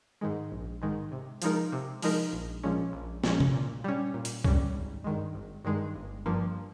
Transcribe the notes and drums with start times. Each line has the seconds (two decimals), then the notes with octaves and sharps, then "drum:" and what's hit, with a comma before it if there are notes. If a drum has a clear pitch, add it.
0.21 G#2 D#3 G#3
0.52 A#1
0.82 G#2 D#3 G#3
1.12 C3
1.42 F3 G#3 D#4 A#4, drum: hi-hat
1.72 C3
2.02 F3 G#3 D#4 A#4, drum: open hi-hat
2.33 A#1
2.63 A#2 F3 G#3 C#4
2.93 A#1
3.24 A#2 F3 G#3 C#4, drum: snare
3.40 drum: tom C3
3.54 A#2
3.84 G3 C#4
4.14 A#2
4.25 drum: hi-hat
4.44 G3 C#4, drum: kick C2
4.75 G#1
5.04 G2 D#3 G#3
5.35 G#1
5.65 G2 D#3 G#3
5.96 G1
6.26 G2 F3 A#3